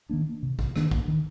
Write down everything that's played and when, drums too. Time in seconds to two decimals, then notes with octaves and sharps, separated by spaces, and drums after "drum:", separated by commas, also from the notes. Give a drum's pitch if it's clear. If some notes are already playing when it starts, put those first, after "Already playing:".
0.09 D#3 A#3 D4
0.43 C3
0.59 drum: kick
0.76 D#3 A#3 D4, drum: rim click
0.91 drum: kick
1.08 D#3